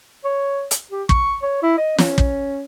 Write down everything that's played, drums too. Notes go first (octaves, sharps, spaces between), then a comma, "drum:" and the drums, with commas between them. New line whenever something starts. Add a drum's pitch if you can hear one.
C#5
drum: hi-hat
G4
C#6, drum: kick
C#5
E4
D#5
C#4, drum: snare
drum: kick